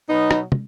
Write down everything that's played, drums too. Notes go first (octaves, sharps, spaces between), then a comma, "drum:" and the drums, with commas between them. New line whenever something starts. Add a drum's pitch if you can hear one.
B2 F#3 B3 D#4
drum: rim click
drum: tom